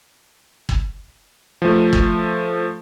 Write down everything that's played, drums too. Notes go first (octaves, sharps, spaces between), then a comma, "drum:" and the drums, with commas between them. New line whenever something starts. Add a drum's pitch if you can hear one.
drum: kick
F3 A3
drum: kick